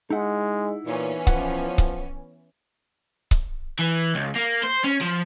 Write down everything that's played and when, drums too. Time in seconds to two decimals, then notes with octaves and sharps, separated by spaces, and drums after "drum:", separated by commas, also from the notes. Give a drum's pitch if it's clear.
0.10 G#3 D#4 E4 F#5
0.86 A#2 E3 B3 C#4
1.27 F3 F#5, drum: kick C#1
1.78 drum: kick C#1
3.31 drum: kick C#1
3.79 E3
4.15 C#2
4.36 A#3
4.63 C5
4.84 C#4
5.01 F3